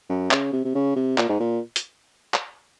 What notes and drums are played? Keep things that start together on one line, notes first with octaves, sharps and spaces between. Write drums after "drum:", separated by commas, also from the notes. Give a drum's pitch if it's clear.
F#2
C#3, drum: clap
C3
C3
C#3
C3
A#2, drum: clap
G#2
A#2
drum: hi-hat
drum: clap